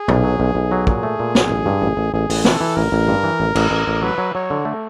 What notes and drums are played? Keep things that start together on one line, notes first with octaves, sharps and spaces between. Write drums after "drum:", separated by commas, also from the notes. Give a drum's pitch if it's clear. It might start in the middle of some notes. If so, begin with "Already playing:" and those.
Already playing: G#4
B1, drum: tom
F#3
B1
B1
F#3
A#2 G#4, drum: kick
A3
A#2
B1, drum: snare
A1
G2
A1
A1
A1 G#4
A1, drum: open hi-hat
E3 A4, drum: snare
E3
A1 A#4
A1
G2
E3
A1
A1, drum: cymbal
A1
A1
F#3 B4
F#3
F#3 C#5
D3
A3